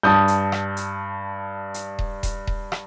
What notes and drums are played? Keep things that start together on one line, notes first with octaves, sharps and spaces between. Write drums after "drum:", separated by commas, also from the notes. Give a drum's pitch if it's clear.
G2 A5 D#6 G6
drum: hi-hat
drum: rim click
drum: hi-hat
drum: hi-hat
drum: kick D#1
drum: kick D#1, hi-hat
drum: kick D#1
drum: rim click